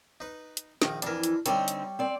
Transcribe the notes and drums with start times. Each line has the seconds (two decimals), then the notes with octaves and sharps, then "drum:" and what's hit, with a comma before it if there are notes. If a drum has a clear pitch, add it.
0.20 D#4 B4
0.57 drum: hi-hat
0.82 A#1 D#3 A#5, drum: snare
1.02 F2 E3 D4 A#4, drum: hi-hat
1.23 drum: hi-hat
1.46 D3 G3 C4 D#4 G4 C#5, drum: hi-hat
1.68 drum: hi-hat
1.99 C4 D5